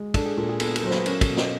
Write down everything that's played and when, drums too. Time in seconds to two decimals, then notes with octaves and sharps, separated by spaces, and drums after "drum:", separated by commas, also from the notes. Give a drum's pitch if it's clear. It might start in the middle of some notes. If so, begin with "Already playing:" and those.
Already playing: G#3
0.14 D4 A4, drum: kick, cymbal
0.26 G#4
0.37 A#2 A4
0.49 G#4
0.60 B3 A4, drum: cymbal
0.76 A4, drum: cymbal
0.83 F#3 C5
0.91 B4, drum: snare
1.06 C#4 A#4, drum: cymbal
1.21 A4, drum: kick, cymbal
1.29 B2
1.37 D#5, drum: snare